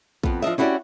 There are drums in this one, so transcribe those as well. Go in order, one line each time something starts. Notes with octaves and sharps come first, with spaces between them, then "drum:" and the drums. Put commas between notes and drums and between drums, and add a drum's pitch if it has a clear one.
F2 B3, drum: kick A#1
F3 D4 D#5 E5
C#4 E4 F#4 G4 A#4 D5